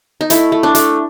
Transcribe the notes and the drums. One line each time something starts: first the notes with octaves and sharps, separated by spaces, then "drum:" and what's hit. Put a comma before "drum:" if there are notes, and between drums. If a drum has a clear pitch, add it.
D#4
A3 E4, drum: hi-hat
A3
D4
A3, drum: hi-hat